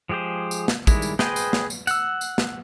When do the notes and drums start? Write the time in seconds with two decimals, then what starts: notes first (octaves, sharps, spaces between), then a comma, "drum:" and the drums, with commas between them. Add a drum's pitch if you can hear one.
0.09 F3 G#3 G4 G#4 C5
0.51 drum: tambourine
0.68 drum: snare
0.87 D#3 G3 G#3 E4, drum: kick, tambourine
1.02 drum: tambourine
1.19 G#4 B4 C5 D#5 G5, drum: snare
1.36 drum: tambourine
1.53 drum: snare
1.70 drum: tambourine
1.87 F#5 E6, drum: tambourine
2.21 drum: tambourine
2.38 drum: snare